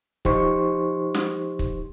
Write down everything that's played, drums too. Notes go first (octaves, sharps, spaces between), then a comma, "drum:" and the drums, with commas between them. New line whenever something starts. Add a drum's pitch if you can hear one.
F3 D#4 G4 C5 C6 C#6, drum: kick C#1
drum: snare
drum: kick C#1